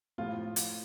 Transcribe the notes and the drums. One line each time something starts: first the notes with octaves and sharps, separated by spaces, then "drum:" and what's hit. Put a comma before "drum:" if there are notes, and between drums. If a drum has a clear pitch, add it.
A2 F3 F4
drum: hi-hat